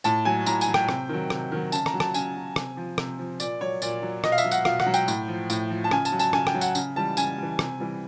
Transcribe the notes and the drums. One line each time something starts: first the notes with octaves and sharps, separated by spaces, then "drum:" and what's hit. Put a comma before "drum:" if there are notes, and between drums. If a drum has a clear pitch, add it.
A2 A5, drum: tambourine
F#3 G#5
A2 A#5, drum: tambourine
G#5, drum: tambourine
F#3
G5, drum: rim click
C3, drum: rim click
D#3 F#3
C3, drum: rim click
D#3 F#3
C#3 A5, drum: tambourine
A#5, drum: rim click
F#3
A5, drum: rim click
C#3 G#5, drum: tambourine
F#3
C3, drum: rim click
F3
C3, drum: rim click
F3
A#2 D5, drum: tambourine
F#3 C#5
A#2 D5, drum: tambourine
F#3
B2 D#5, drum: rim click
F5
E5, drum: tambourine
F#3
F#5, drum: tambourine
B2 F5, drum: rim click
F#5, drum: rim click
F#3
G5, drum: tambourine
A2, drum: tambourine
F3
A2, drum: tambourine
F3
A5
C#3 G#5, drum: rim click
A5, drum: tambourine
F#3
A5, drum: tambourine
C#3 G#5, drum: rim click
G5, drum: rim click
F#3
F#5, drum: tambourine
C#3, drum: tambourine
E3 G3 A5
C#3 G#5, drum: tambourine
E3 G3
C3, drum: rim click
E3 G3